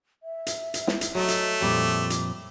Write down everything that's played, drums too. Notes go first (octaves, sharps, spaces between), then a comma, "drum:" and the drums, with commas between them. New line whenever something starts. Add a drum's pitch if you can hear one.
E5
drum: hi-hat
drum: hi-hat
drum: snare
drum: hi-hat
F#3 A3 A4 D#5
drum: hi-hat
F2 A#2 G3 D6
drum: hi-hat